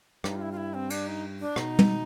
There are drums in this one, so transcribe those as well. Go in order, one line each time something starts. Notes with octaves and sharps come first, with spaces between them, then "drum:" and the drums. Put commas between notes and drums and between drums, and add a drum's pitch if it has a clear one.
G2 D#4, drum: rim click
F4
E4
F4
E4
C4
D4, drum: cymbal
D#4
D4
B2 D#4, drum: rim click
drum: tom